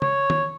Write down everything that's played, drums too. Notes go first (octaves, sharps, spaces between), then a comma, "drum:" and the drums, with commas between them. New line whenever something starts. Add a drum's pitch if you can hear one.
C#5, drum: tom
drum: tom